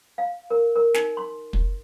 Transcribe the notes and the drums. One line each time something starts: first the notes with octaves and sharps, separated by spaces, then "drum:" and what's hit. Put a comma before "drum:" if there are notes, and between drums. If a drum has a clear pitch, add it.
F5
A#4
A#4
D#4, drum: snare
C6
drum: kick